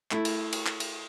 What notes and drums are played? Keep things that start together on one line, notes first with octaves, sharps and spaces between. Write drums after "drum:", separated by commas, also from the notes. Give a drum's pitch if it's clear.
A3 E4, drum: clap
drum: cymbal
drum: cymbal
drum: clap
drum: cymbal